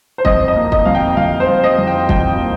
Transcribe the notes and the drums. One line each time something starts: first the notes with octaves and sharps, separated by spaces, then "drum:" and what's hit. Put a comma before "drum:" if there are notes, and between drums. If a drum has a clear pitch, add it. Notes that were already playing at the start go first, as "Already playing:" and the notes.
C5
F2 D#5, drum: kick
D#5
A#3
D#5, drum: kick
F2 F5
G5
F2 F5
C5
F2
D#5
F2
G5
F2 G5, drum: kick
A#3